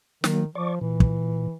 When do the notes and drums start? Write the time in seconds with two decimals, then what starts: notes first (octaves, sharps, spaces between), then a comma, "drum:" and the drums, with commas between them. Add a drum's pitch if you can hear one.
0.24 D#3 F#3 A#3, drum: snare
0.55 F3 D5 C#6 D6
0.81 A#2 E3
1.00 drum: kick